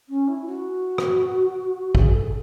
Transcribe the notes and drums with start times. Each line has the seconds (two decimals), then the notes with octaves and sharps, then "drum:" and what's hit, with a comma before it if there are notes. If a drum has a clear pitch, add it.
0.09 C#4
0.28 E4
0.46 F#4
0.98 drum: rim click
1.95 G#4, drum: kick
2.14 A4